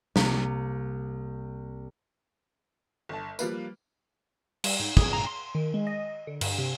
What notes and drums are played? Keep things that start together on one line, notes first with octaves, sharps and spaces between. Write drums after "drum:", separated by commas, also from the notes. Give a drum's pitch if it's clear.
C2 C3 A#3 C4 B6, drum: snare
G1 A5
F3 G3 A#3 B4, drum: tambourine
G3, drum: cymbal
G#2
G#4, drum: kick
A#5
C6
D#3
G#3
D#5
D3
G2, drum: cymbal
C3